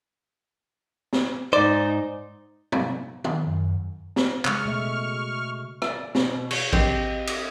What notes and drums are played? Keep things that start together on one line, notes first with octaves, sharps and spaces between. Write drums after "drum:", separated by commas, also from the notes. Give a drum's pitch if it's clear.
drum: snare
G#2 D#4 C5 D5
drum: tom
drum: tom
F#2
drum: snare
C#3 G#3 C#6 F6, drum: clap
B2 A3 E5
D5, drum: rim click
B2, drum: snare
C#5, drum: cymbal
C4 G4 D#5, drum: kick A1
drum: cymbal